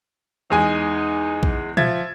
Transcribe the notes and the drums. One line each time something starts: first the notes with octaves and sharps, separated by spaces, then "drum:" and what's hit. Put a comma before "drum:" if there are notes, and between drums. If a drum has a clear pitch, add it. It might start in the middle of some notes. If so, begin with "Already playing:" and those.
E2 G#3 D#4 G#5
drum: kick A#1
F3 E5 G#6 A6, drum: tom A#2